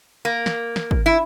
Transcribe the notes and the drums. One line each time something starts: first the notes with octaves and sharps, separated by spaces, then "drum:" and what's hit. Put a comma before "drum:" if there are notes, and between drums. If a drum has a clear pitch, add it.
A#3
drum: snare
drum: snare
drum: kick
E4